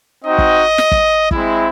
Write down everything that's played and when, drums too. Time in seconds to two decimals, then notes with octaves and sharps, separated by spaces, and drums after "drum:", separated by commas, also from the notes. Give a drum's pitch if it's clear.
0.25 C4 D#4 F#4 D#5
0.38 drum: kick
0.78 drum: snare
0.92 drum: kick
1.31 G#3 C4 E4, drum: kick